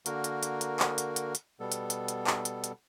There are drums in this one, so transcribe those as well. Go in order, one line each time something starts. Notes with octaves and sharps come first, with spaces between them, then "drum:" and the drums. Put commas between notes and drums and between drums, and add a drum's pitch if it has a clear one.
D3 A#3 F#4 A#4, drum: hi-hat
drum: hi-hat
drum: hi-hat
drum: hi-hat
drum: clap
drum: hi-hat
drum: hi-hat
drum: hi-hat
B2 G3 B3 A4
drum: hi-hat
drum: hi-hat
drum: hi-hat
drum: clap
drum: hi-hat
drum: hi-hat